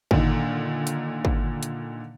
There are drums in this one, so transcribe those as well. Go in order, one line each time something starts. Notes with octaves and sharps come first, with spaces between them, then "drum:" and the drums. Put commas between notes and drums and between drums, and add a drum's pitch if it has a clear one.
A#2 D3 D#3, drum: kick
drum: hi-hat
drum: kick
drum: hi-hat